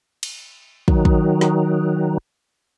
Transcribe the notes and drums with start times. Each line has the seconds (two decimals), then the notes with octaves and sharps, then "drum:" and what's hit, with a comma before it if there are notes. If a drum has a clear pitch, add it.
0.23 drum: cymbal
0.88 D#3 F#3, drum: kick
1.05 drum: kick
1.41 drum: snare